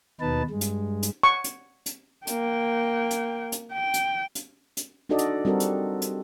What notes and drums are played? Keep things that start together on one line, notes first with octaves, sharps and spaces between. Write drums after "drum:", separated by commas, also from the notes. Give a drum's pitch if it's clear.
D#2 B2 D#4 B4 A5
G2 G#3
drum: hi-hat
drum: hi-hat
C#6
drum: hi-hat
drum: hi-hat
A#3 G5, drum: hi-hat
drum: hi-hat
drum: hi-hat
G5
drum: hi-hat
drum: hi-hat
drum: hi-hat
D4 D#4 F#4 A4 D5 D#5
drum: hi-hat
G3 C4 F#4 A4 A#4
drum: hi-hat
drum: hi-hat